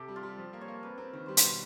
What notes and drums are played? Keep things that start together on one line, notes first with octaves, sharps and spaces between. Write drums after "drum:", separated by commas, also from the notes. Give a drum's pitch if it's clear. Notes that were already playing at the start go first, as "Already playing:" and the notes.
Already playing: C3 G4 A4 C5
G3
F4
G3
F3
A#3
C#5
A#3
C4 B4
C4 A#4
D#3 B4
G3 C5
B4, drum: hi-hat
B2